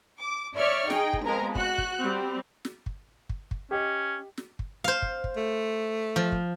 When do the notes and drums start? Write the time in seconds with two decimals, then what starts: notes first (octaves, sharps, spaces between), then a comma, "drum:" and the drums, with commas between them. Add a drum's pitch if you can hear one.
0.20 D6
0.57 C#5 D5 E5 C#6 F6
0.90 D#4 G#4 G5, drum: snare
1.13 drum: kick
1.25 F2 G#3 B3 A#4 A#5
1.55 F#4 F#6, drum: kick
1.78 drum: kick
2.00 G3 C4
2.65 drum: snare
2.86 drum: kick
3.29 drum: kick
3.51 drum: kick
3.71 C#4 G4 D#5
4.38 drum: snare
4.59 drum: kick
4.84 C5 F5
5.02 drum: kick
5.24 drum: kick
5.37 A3
6.16 F3
6.32 drum: kick